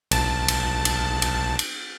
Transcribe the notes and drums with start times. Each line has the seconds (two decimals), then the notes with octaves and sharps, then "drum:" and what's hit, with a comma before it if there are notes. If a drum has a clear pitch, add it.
0.11 B1 A5, drum: cymbal
0.48 drum: cymbal
0.85 drum: cymbal
1.22 drum: cymbal
1.59 drum: cymbal